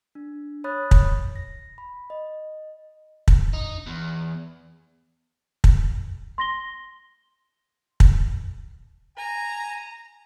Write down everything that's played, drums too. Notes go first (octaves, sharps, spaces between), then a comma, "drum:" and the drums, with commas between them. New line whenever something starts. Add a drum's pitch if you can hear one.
D4
C#5 B5 D#6 F#6 A6
drum: kick
A#6
B5
D#5
drum: kick
D#4
E2
drum: kick
C6 A#6 G7
drum: kick
G#5 A#5